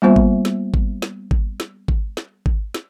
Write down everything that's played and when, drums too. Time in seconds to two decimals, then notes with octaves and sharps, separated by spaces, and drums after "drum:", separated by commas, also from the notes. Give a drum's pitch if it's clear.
0.02 G3 A#3 B3 F4 C5 E5
0.16 drum: kick G#1
0.45 drum: snare
0.74 drum: kick G#1
1.02 drum: snare
1.31 drum: kick G#1
1.60 drum: snare
1.88 drum: kick G#1
2.17 drum: snare
2.46 drum: kick G#1
2.74 drum: snare